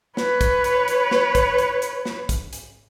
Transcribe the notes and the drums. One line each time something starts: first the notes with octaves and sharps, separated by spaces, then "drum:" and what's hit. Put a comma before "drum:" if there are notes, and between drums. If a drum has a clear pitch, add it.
B4 C#5, drum: snare
drum: kick, hi-hat
drum: hi-hat
drum: hi-hat
drum: snare
drum: kick, hi-hat
drum: hi-hat
drum: hi-hat
drum: snare
drum: kick, hi-hat
drum: hi-hat